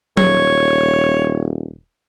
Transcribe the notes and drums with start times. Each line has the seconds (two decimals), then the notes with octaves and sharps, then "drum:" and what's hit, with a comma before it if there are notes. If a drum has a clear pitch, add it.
0.17 D#1 C#5, drum: tom F#3